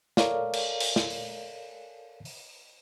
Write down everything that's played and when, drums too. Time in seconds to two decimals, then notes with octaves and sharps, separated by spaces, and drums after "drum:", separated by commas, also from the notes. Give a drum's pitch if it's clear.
0.17 A4 A#4 C#5 D5 F5, drum: snare
0.53 drum: cymbal
0.80 drum: cymbal
0.96 drum: snare
1.10 drum: open hi-hat
2.25 drum: open hi-hat